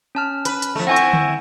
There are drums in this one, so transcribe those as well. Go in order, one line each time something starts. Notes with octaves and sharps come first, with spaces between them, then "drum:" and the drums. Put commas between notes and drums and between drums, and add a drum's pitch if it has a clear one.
C#4 A5 F6
B4, drum: hi-hat
drum: hi-hat
F3 A3
C4 E4 F#5 G#5 C#6
drum: hi-hat
drum: tom D3